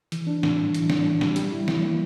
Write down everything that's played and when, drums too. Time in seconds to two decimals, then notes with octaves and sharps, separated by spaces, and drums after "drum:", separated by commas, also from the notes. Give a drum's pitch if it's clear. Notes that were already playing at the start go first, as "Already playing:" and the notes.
0.12 E3, drum: hi-hat
0.27 D4
0.43 A2, drum: snare
0.59 G3
0.74 E3, drum: hi-hat
0.90 D4, drum: snare
1.05 A2
1.21 G3, drum: snare
1.36 G3, drum: hi-hat
1.52 E4
1.68 E3, drum: snare
1.83 A#3